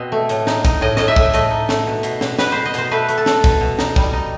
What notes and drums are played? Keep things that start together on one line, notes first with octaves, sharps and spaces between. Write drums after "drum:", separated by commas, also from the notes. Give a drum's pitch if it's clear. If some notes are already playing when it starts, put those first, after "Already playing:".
Already playing: B2 C4 D#5
A3
A2, drum: hi-hat
D#4, drum: snare
D#4, drum: kick, hi-hat
A2 D#5
A2 D#5, drum: snare
E5
A2, drum: kick
A3 D#5, drum: hi-hat
D#4
A3, drum: snare
B2
B2, drum: hi-hat
B2, drum: snare
B2 B4, drum: snare
B2 C5
D#5
B2 C5, drum: hi-hat
A3 B4
A3, drum: hi-hat
A4
A3, drum: snare
B2, drum: kick, hi-hat
B2
D#4, drum: snare
G3, drum: kick
D#4